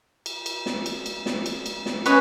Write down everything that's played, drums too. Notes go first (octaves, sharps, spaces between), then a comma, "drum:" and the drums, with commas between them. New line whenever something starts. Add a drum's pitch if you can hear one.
drum: cymbal
drum: cymbal
drum: snare
drum: cymbal
drum: cymbal
drum: snare
drum: cymbal
drum: cymbal
drum: snare
C#4 B4 C#5 D#5, drum: cymbal